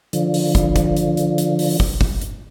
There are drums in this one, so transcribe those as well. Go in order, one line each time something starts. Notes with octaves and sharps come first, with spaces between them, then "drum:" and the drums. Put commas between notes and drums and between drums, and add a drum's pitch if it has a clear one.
D3 F3, drum: hi-hat
drum: open hi-hat
drum: kick, hi-hat
drum: kick, hi-hat
drum: hi-hat
drum: hi-hat
drum: hi-hat
drum: open hi-hat
drum: kick
drum: kick
drum: hi-hat